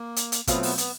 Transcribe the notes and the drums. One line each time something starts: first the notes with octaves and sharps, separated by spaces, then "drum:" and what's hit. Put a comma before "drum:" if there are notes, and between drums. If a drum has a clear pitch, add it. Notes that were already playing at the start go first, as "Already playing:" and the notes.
Already playing: A#3
drum: hi-hat
drum: hi-hat
B2 F#3 A3 B3 C4 F4, drum: kick, hi-hat
B3, drum: open hi-hat
B3, drum: hi-hat